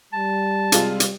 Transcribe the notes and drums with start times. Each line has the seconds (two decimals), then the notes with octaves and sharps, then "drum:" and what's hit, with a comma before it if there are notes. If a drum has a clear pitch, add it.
0.13 G3 A5
0.72 C3 G#3 F4, drum: hi-hat
1.00 drum: hi-hat